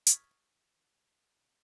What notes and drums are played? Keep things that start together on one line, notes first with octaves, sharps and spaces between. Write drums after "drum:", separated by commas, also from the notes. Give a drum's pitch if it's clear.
C#6 D#6 F6 G#6 A6 B6, drum: hi-hat